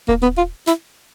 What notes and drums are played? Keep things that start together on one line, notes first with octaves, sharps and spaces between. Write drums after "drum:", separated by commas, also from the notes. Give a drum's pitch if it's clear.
A#3, drum: kick D#1
B3
F4
E4, drum: snare